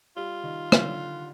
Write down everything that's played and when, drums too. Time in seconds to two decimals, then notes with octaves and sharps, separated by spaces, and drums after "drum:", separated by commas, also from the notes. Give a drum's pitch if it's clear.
0.17 G3 F4
0.44 D#3
0.72 D3, drum: rim click